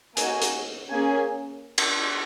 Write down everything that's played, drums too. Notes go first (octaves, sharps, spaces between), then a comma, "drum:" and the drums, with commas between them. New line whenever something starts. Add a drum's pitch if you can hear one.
A#3 D#4 F#4 G#5, drum: hi-hat
drum: hi-hat
A#3 C#4 G#4 G#5
drum: cymbal